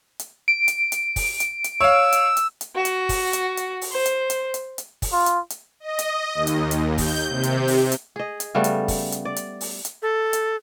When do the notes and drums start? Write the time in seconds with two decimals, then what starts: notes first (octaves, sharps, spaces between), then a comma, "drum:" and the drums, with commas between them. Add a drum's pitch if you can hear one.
0.19 drum: hi-hat
0.48 D7
0.68 drum: hi-hat
0.92 drum: hi-hat
1.16 drum: kick, open hi-hat
1.40 drum: hi-hat
1.64 drum: hi-hat
1.81 C#5 F5 E6
2.13 drum: hi-hat
2.37 drum: hi-hat
2.61 drum: hi-hat
2.76 F#4
2.85 drum: hi-hat
3.09 drum: kick, open hi-hat
3.33 drum: hi-hat
3.57 drum: hi-hat
3.81 drum: open hi-hat
3.92 C5
4.06 drum: hi-hat
4.30 drum: hi-hat
4.54 drum: hi-hat
4.78 drum: hi-hat
5.02 drum: kick, open hi-hat
5.12 F4
5.26 drum: hi-hat
5.50 drum: hi-hat
5.80 D#5
5.99 drum: hi-hat
6.34 D#2
6.47 drum: hi-hat
6.71 drum: hi-hat
6.98 G6, drum: kick, open hi-hat
7.29 C3
7.43 drum: hi-hat
7.68 drum: open hi-hat
7.92 drum: hi-hat
8.16 G#4 D#5
8.40 drum: hi-hat
8.55 C#3 G3 A3 B3
8.64 drum: hi-hat
8.88 drum: kick, open hi-hat
9.12 drum: hi-hat
9.25 D5
9.36 drum: hi-hat
9.61 drum: open hi-hat
9.85 drum: hi-hat
10.02 A4
10.33 drum: hi-hat